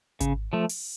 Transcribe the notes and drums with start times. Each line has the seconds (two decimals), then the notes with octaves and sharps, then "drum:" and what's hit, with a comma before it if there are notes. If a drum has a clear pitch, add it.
0.20 C#3, drum: kick G#1, hi-hat
0.53 F3 A3
0.69 drum: open hi-hat